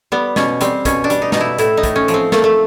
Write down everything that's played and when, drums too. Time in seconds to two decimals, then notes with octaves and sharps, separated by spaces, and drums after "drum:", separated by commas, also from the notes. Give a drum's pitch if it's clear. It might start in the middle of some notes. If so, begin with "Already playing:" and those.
0.12 G3 B3
0.36 B2 C#4, drum: snare
0.61 G3 C4, drum: hi-hat
0.85 B2 C#4, drum: kick, hi-hat
1.04 D4
1.10 G3, drum: hi-hat
1.22 D#4
1.32 B2 D#4, drum: snare
1.41 E4
1.58 A2 E4, drum: hi-hat
1.77 D#4
1.83 A2, drum: kick, hi-hat
1.96 C#4
2.08 F3, drum: hi-hat
2.14 C4
2.32 A3 A#3, drum: snare
2.44 A3